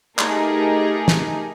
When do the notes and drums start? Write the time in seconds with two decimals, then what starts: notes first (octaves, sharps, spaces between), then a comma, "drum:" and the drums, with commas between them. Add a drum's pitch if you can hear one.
0.19 A3 D#4 G4 G#4 A#4, drum: clap
1.08 drum: snare